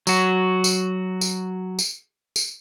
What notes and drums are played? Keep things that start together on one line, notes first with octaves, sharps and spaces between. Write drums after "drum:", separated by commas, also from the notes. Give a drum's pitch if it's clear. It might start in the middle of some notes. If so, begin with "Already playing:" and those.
F#3 F#4, drum: tambourine
drum: tambourine
drum: tambourine
drum: tambourine
drum: tambourine